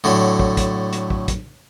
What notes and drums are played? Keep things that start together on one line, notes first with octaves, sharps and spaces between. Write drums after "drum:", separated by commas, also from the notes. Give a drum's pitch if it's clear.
A2 D3 F#3
drum: kick
drum: kick, hi-hat
drum: hi-hat
drum: kick
drum: kick, hi-hat